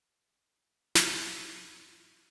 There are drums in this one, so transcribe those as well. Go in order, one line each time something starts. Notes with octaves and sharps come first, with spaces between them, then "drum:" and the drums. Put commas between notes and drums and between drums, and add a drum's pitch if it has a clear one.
G#3 D4, drum: snare
A2 E3
D#5 F5 G5 A5 B5 C#6
E2 C#3 C#4 D4 A5
G#2
E4